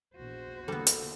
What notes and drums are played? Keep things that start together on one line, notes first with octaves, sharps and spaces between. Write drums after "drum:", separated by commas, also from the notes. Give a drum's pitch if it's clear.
A#1 E2 F#4 C5
D3 E3 G3 A#3 B3 A4
drum: hi-hat